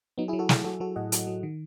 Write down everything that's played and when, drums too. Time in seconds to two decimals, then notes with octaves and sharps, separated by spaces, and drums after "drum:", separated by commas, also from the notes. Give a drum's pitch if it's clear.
0.18 F#3 B3 D#4
0.28 E4 G#4
0.33 F#3
0.39 F#4 A4
0.49 F#3 E4 G#4, drum: snare
0.64 F#3 F#4 A4
0.80 F#3 F#4 A4
0.96 A2 D#5 F#5
1.12 F#3, drum: hi-hat
1.27 F#3
1.43 D#3